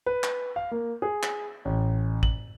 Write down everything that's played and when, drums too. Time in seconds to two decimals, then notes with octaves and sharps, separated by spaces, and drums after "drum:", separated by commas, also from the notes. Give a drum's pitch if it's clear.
0.06 B4
0.23 drum: clap
0.56 F5
0.71 A#3
1.02 G#4
1.23 drum: clap
1.65 A1
2.23 F#7, drum: kick